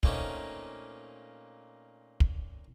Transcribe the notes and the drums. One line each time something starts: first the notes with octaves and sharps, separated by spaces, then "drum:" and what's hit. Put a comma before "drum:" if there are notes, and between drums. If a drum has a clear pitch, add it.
A#2 A3 A#3 C4 C#4 D#4, drum: kick
drum: kick